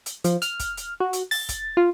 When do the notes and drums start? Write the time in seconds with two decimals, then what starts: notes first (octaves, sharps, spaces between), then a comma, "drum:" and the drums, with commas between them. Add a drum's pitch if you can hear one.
0.06 drum: hi-hat
0.24 F3, drum: hi-hat
0.42 F6, drum: hi-hat
0.60 drum: kick, hi-hat
0.77 drum: hi-hat
1.00 F#4
1.13 drum: hi-hat
1.31 A6, drum: open hi-hat
1.49 drum: kick, hi-hat
1.77 F4